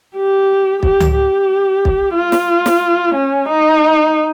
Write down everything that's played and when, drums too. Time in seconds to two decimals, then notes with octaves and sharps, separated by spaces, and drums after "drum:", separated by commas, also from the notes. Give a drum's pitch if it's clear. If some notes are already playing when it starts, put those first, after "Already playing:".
0.17 G4
0.83 G4, drum: kick
1.00 drum: tom C#2
1.15 G4
1.85 drum: kick
2.15 F4
2.32 drum: snare
2.66 drum: snare
3.15 C#4
3.48 D#4